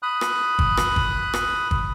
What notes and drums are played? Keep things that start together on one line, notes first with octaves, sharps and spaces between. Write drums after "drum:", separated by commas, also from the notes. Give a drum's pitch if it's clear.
B5 D#6 F#6
drum: rim click
drum: kick
drum: rim click
drum: kick
drum: rim click
drum: kick